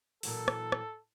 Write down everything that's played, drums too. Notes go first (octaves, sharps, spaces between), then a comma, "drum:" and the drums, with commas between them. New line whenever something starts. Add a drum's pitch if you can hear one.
A#2 E3 F#3 A4, drum: open hi-hat
drum: rim click
drum: rim click